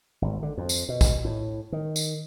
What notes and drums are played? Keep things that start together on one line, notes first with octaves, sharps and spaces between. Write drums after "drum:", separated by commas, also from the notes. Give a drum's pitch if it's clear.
G#1
D3
F2
drum: tambourine
B2
drum: kick, tambourine
A2
D#3
drum: tambourine